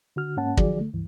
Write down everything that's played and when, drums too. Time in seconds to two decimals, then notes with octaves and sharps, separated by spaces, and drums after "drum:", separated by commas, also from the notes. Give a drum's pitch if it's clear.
0.16 D3 F#4 F6
0.37 G#2 A#3 C#4 F#5 A5
0.57 D#3 F3 F#3 F#4 G#4 D5, drum: kick
0.80 D3 A3
0.93 C#2 G2 E3